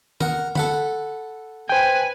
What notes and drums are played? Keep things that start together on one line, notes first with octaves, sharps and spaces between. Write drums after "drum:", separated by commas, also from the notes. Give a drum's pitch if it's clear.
A#4 F#5, drum: tom D#3
A4 F#5 B5, drum: tom D3
B4 C5 G5 G#5